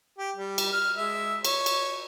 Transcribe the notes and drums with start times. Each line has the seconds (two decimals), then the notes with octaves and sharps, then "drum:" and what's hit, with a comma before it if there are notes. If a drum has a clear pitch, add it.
0.18 G4
0.36 G3
0.58 drum: cymbal
0.73 F6
0.97 G#3 E5
1.45 C#5, drum: cymbal
1.66 drum: cymbal